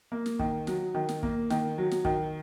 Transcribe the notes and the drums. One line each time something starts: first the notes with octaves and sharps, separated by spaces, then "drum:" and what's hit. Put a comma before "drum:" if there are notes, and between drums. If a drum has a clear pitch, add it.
A#3
drum: snare
D#3, drum: kick
F#3, drum: snare
D#3
drum: snare
A#3, drum: kick
D#3, drum: snare
F#3
drum: snare
D#3, drum: kick